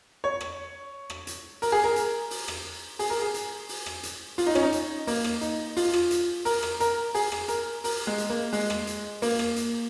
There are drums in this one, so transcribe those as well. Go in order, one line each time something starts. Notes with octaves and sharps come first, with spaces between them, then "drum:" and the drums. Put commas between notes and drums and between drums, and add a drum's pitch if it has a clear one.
C#5
drum: rim click
drum: rim click
drum: hi-hat
A#4, drum: open hi-hat
G#4
A#4
drum: hi-hat
drum: open hi-hat
drum: rim click
G#4, drum: open hi-hat
A#4
G#4
drum: hi-hat
drum: open hi-hat
drum: rim click
drum: hi-hat
F4, drum: open hi-hat
D#4
C#4, drum: rim click
D#4
drum: hi-hat
A#3, drum: open hi-hat
drum: rim click
D#4, drum: hi-hat
F4, drum: open hi-hat
drum: rim click
drum: hi-hat
A#4, drum: open hi-hat
drum: rim click
A#4, drum: hi-hat
G#4, drum: open hi-hat
drum: rim click
A#4, drum: hi-hat
A#4, drum: open hi-hat
G#3
drum: hi-hat
A#3
G#3, drum: open hi-hat
drum: rim click
drum: hi-hat
A#3, drum: open hi-hat
drum: rim click
drum: hi-hat